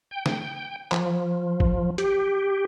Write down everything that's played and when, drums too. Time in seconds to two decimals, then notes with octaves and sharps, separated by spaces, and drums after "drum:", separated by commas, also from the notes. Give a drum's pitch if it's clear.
0.11 G5
0.26 drum: snare
0.92 F3, drum: clap
1.60 drum: kick
1.98 G4, drum: hi-hat